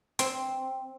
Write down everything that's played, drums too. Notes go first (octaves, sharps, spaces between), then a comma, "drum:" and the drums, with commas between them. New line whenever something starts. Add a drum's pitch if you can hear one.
C4, drum: hi-hat